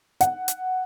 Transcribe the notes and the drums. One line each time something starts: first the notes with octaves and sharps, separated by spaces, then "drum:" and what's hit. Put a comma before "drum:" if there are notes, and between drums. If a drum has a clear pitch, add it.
F#5, drum: hi-hat
drum: hi-hat